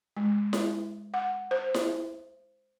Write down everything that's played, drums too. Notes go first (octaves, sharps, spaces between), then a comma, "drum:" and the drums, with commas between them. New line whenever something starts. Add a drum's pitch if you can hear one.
G#3
drum: snare E4
F#5
C5
drum: snare E4